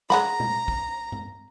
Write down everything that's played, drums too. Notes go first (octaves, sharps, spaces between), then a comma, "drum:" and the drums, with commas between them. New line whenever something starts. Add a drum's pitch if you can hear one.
G#3 F#5 A#5 B5, drum: snare
drum: tom A#2
drum: kick
drum: tom G2